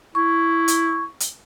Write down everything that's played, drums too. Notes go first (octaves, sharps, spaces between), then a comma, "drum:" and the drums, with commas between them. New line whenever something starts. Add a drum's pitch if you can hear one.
E4 C#6
drum: hi-hat
drum: hi-hat